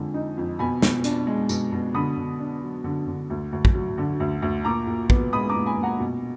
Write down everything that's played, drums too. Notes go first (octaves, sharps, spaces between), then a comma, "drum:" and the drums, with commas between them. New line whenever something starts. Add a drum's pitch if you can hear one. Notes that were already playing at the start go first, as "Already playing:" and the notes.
Already playing: F2 D3 G#3 G#5
D#4
F2
B2 G#5 B5
B2, drum: snare
D4, drum: hi-hat
G#3
B2, drum: tambourine
B2
D3 B5 D#6
D3
D4
F#3
D3
D3
D2
D2
drum: kick
F#3
D3
D2
D2
A#2 A#5 D6
A#2
B3, drum: kick
G#3 B5 D#6
A#5 D6
A#2
G#5 B5
A#2
F#5 A#5
B2